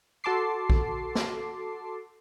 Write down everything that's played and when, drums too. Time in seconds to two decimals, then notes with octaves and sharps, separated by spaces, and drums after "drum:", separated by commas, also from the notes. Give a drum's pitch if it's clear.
0.24 F#4 A4 A5 C6 D6 C7
0.70 drum: kick A#1
1.15 drum: snare